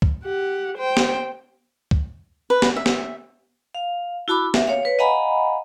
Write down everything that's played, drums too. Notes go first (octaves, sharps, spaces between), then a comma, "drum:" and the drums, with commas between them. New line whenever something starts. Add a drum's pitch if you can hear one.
drum: kick
G4 F#5
C5 G5
drum: snare
drum: kick
B4
drum: snare
E5
drum: snare
F5
E4 F#4 A5 B5 D6
E5, drum: snare
C#5 F5
B4 C#5
D#5 F5 F#5 G#5 A#5 B5